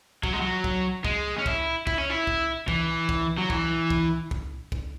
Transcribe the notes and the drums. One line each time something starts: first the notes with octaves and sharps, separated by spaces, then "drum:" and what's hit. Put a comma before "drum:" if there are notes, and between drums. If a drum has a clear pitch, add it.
F#3, drum: kick
G#3
F#3
drum: kick
G#3, drum: kick
C#4
E4, drum: kick
E4, drum: kick
C#4
E4
drum: kick
E3, drum: kick
drum: kick
F#3
E3, drum: kick
drum: kick
drum: kick
drum: kick